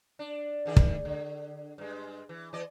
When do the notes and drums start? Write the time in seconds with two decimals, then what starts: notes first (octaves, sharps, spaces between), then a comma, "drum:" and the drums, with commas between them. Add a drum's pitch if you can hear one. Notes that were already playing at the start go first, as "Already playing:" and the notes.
0.19 D4
0.66 D3 D#3 G#4
0.76 drum: kick
1.05 D3
1.78 G2 G#3
2.29 E3
2.53 E3 D5 D#5